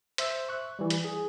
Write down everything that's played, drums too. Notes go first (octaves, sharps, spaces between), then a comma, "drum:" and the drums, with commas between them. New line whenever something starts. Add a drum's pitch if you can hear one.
C5 E5 E6, drum: hi-hat
C#6 F#6
E3 G3
drum: hi-hat
G#4